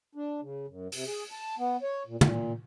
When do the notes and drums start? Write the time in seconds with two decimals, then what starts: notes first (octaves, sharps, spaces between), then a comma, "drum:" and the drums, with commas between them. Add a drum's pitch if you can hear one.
0.15 D4
0.41 C#3
0.68 F#2
0.92 C3, drum: open hi-hat
1.07 G#4
1.32 A5
1.58 B3
1.83 C#5
2.07 A#2
2.21 A#2, drum: tom